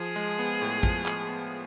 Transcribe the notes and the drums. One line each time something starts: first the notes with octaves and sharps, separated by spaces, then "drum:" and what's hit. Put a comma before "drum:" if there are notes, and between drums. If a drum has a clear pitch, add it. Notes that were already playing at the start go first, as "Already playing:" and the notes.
Already playing: F3 G#4
G#3
B3
A2
F3, drum: kick
G#3, drum: clap
B3